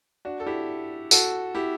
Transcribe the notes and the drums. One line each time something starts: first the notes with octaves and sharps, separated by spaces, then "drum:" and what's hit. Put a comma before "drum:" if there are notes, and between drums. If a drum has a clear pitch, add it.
D4 F#4
A4
E4 G4
F#4 A4, drum: tambourine
E4 G4